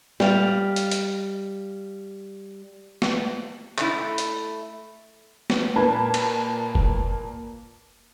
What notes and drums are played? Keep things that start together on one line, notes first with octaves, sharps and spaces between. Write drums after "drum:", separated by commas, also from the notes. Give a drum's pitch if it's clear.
G3 F5, drum: snare
drum: hi-hat
drum: hi-hat
drum: snare
A3 E4, drum: clap
drum: hi-hat
drum: snare
A#2 A#3 B4 A5 B5 G#6
drum: cymbal
drum: kick F#1